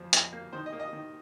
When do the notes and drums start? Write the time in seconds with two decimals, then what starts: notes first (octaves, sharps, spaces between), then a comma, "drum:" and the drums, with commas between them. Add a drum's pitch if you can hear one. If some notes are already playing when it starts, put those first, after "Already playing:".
Already playing: F2 F3
0.13 F2, drum: hi-hat
0.33 A#3
0.53 D#3 C5
0.66 D#5
0.73 A#3
0.80 D#5
0.93 D#3